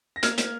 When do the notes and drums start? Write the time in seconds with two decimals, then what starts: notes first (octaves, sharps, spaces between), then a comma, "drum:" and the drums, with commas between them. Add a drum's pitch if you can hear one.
0.16 A#6
0.23 A#3 F6 G#6, drum: hi-hat
0.38 A#3, drum: hi-hat